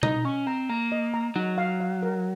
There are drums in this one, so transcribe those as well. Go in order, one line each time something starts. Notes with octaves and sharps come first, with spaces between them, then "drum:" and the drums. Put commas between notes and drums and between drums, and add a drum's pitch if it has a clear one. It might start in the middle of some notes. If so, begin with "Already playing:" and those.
D#4 D#5, drum: tom B2
C#4 C#6
C4 A#5
A#3 A#5
D#5
A#5
F#3 D#4
F5
F5
A#4